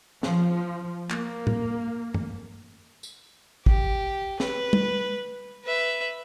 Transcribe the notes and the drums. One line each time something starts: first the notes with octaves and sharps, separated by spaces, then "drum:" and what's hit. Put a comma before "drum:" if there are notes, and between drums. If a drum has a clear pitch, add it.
F3, drum: snare
A#3, drum: clap
drum: tom A2
drum: tom
drum: tambourine
G4, drum: kick
B4, drum: snare
drum: tom
B4 E5